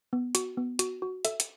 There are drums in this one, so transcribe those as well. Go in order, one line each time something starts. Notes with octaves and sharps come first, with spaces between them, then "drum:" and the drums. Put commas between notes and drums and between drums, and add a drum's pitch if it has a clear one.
B3
F#4, drum: hi-hat
B3
F#4, drum: hi-hat
F#4
A4 E5, drum: hi-hat
drum: hi-hat